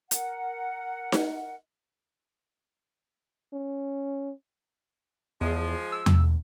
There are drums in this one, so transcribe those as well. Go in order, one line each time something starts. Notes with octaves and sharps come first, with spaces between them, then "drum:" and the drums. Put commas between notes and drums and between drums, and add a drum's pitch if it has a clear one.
A#4 F#5, drum: hi-hat
drum: snare D#4
C#4
E2 F3 G#3
E6
drum: tom E2